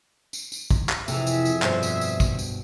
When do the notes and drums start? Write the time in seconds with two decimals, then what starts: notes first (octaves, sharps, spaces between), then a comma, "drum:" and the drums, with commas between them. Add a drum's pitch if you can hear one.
0.33 drum: tambourine
0.52 drum: tambourine
0.71 drum: kick, tambourine
0.89 drum: clap
1.08 F2 C3 E3 G#4 E5, drum: tambourine
1.27 drum: tambourine
1.45 drum: tambourine
1.62 G2 B2 C5, drum: clap
1.83 drum: tambourine
2.01 drum: tambourine
2.20 drum: kick, tambourine
2.39 drum: tambourine